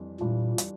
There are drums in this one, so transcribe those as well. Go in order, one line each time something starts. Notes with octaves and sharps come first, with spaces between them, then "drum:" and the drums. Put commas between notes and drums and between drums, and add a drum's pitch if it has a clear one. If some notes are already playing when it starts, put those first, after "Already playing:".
Already playing: F2 E3 G3 D4 F4
A#2 E3 G3 D4 F4
drum: hi-hat